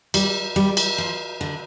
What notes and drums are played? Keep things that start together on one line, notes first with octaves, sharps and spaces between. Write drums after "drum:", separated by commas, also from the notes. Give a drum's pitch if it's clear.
G3, drum: cymbal
G3
drum: cymbal
F3
D3